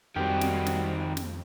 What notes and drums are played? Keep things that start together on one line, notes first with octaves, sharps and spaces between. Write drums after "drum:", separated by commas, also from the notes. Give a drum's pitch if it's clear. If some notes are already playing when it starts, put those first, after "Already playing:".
F2 D#3 G3 C4 F#4 G4
drum: snare
drum: snare
drum: snare